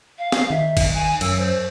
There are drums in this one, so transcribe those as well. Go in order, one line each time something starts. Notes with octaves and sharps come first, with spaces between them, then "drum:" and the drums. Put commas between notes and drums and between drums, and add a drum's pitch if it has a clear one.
F5
drum: snare
D#3 E5
drum: kick G1, cymbal
G#5
F#2 E6, drum: cymbal
C5